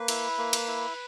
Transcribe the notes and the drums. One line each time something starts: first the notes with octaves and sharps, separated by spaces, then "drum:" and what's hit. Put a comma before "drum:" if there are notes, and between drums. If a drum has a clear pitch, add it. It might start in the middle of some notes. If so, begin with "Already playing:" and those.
Already playing: A#3 B4
E4, drum: cymbal
A#3
drum: cymbal
E4